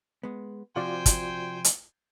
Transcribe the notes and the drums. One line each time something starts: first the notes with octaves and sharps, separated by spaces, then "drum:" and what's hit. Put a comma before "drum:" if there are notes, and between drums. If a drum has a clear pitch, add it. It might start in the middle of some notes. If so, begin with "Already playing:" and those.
G#3 B3
C3 F3 F4 F#4 C5 D5 G5 G#5
drum: kick, hi-hat
drum: hi-hat